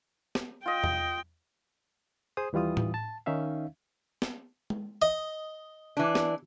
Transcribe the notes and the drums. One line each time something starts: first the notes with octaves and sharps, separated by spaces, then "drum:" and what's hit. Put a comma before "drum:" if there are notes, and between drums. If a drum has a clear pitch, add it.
drum: snare
F4 D#5 G5
drum: tom E2
G#4 C5 D#6
D#2 E3 G3 F4 D#6
drum: tom A2
A5
D#3 C#4 D#4 E5 F5
drum: snare
drum: tom G#3
D#5
E3 D4
drum: snare